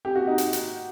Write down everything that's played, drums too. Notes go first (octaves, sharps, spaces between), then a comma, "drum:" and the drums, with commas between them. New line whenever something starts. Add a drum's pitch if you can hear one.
G4
F#4
D#4
drum: hi-hat
drum: hi-hat